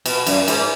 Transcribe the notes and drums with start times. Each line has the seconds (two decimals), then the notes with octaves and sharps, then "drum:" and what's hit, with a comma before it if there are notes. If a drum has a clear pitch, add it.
0.06 B2, drum: cymbal
0.26 F#2, drum: cymbal
0.48 G#2, drum: cymbal